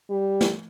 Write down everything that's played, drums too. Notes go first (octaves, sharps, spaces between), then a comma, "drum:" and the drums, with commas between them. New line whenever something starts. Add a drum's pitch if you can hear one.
G3
drum: snare